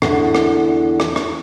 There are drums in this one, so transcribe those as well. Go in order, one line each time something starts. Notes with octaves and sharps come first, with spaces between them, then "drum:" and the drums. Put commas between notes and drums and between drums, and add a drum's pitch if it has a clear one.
E2 D3, drum: rim click
drum: rim click
drum: rim click
drum: rim click